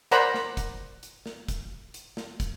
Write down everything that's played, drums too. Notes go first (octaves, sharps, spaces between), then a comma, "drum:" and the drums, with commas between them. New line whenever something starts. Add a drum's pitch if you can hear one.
A#4 C5 D5 F#5 A#5 B5, drum: hi-hat
drum: snare
drum: kick, hi-hat
drum: hi-hat
drum: snare
drum: kick, hi-hat
drum: hi-hat
drum: snare
drum: kick, hi-hat